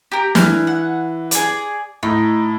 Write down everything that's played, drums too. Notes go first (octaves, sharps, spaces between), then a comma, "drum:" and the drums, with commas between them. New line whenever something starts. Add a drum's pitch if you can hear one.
G4 A#4
E3 F6, drum: snare
F#5
G#4 D5, drum: hi-hat
A2 D#4